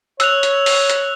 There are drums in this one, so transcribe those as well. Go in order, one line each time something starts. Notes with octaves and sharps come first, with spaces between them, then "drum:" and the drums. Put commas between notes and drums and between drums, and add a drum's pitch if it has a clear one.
C#5 E6 F#6 F7, drum: hi-hat
drum: hi-hat
drum: open hi-hat
drum: hi-hat